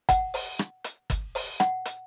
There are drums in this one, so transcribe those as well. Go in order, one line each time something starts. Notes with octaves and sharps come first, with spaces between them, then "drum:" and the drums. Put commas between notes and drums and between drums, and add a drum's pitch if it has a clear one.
F#5, drum: kick G1, hi-hat
drum: open hi-hat
drum: rim click
drum: hi-hat
drum: kick G1, hi-hat
drum: open hi-hat
F#5, drum: rim click
drum: hi-hat